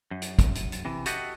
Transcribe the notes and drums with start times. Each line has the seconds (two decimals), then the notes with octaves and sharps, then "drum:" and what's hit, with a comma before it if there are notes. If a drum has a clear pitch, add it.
0.11 F#2
0.22 drum: hi-hat
0.39 drum: kick, hi-hat
0.55 drum: hi-hat
0.72 drum: hi-hat
0.85 C3 E3
1.06 F#4 G4 A4 D#5 E5 F#5, drum: hi-hat